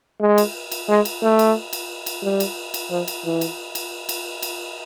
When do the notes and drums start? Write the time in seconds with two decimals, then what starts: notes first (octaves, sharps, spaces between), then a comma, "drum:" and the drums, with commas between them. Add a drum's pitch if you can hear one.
0.21 G#3
0.38 drum: cymbal
0.72 drum: cymbal
0.89 G#3
1.05 drum: cymbal
1.22 A3
1.39 drum: cymbal
1.73 drum: cymbal
2.06 drum: cymbal
2.23 G3
2.40 drum: cymbal
2.74 drum: cymbal
2.91 F3
3.08 drum: cymbal
3.25 E3
3.41 drum: cymbal
3.75 drum: cymbal
4.09 drum: cymbal
4.42 drum: cymbal